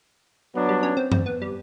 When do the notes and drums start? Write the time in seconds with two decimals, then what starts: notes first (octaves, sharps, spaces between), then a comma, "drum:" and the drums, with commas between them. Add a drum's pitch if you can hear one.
0.54 F#3 B3 D4
0.69 G3
0.83 C#4
0.97 C4
1.12 C4, drum: tom F#2
1.26 B3
1.42 G3